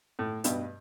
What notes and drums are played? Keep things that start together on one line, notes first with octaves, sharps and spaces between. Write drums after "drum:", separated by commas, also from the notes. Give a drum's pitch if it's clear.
A2
G2 B2, drum: hi-hat